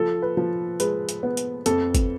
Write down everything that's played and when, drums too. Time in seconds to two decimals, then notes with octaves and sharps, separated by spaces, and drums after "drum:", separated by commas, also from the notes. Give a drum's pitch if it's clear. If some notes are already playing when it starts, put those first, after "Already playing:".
Already playing: F3 A4
0.22 B4
0.37 F3
0.80 G#3 B4, drum: hi-hat
1.09 drum: hi-hat
1.23 B3
1.37 drum: hi-hat
1.66 F2 A4, drum: hi-hat
1.95 drum: kick, hi-hat